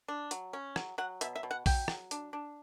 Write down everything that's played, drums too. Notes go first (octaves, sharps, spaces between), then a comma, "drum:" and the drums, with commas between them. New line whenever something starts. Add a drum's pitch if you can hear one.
D4
F#3, drum: hi-hat
C#4
F#3, drum: rim click
F#3 F#5
B2 E5, drum: hi-hat
E5
B2
F#5
F#3 G5, drum: kick A#1, open hi-hat
F#3, drum: rim click
D4, drum: hi-hat
D4